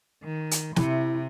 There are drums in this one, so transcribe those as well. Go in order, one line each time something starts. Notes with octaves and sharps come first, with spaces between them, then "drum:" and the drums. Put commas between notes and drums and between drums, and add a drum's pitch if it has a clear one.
D#3
drum: hi-hat
C3 E4, drum: snare